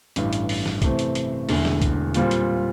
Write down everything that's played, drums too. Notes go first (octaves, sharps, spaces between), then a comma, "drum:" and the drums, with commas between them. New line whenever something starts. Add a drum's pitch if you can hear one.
A1 G2 E3, drum: hi-hat
drum: hi-hat
drum: open hi-hat
drum: snare
C3 E3 A3 C4, drum: kick, hi-hat
drum: hi-hat
drum: hi-hat
E1 E2 D3 A3 E4, drum: open hi-hat
drum: snare
drum: kick, hi-hat
A#2 G3 C4 F4, drum: hi-hat
drum: hi-hat